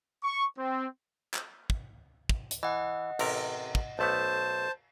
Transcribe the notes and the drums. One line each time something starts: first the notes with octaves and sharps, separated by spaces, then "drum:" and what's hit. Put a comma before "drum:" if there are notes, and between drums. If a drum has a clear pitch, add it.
C#6
C4
drum: clap
drum: kick
drum: kick
drum: hi-hat
E3 D#5 F#5
A1 C3 A#4, drum: cymbal
drum: kick
B1 A3 B3 C5 A5